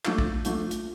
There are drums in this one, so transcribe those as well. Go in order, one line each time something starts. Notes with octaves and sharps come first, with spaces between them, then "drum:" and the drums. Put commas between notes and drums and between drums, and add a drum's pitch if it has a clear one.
F3 A3 D4 F4, drum: clap
drum: kick A#1
F3 A3 D4 F4, drum: hi-hat
drum: hi-hat